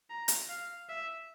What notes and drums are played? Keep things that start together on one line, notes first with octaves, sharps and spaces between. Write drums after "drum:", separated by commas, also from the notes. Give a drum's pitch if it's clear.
A#5
drum: hi-hat
F5
E5